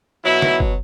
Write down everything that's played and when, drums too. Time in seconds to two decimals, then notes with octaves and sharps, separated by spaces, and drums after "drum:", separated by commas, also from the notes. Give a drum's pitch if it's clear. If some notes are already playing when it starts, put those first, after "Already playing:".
0.24 B2 F#3 E4
0.42 drum: snare
0.60 drum: kick F#1